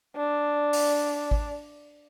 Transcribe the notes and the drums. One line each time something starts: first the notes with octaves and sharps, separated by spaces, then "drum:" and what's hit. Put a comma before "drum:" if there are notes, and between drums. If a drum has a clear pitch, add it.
D4
drum: open hi-hat
drum: kick G#1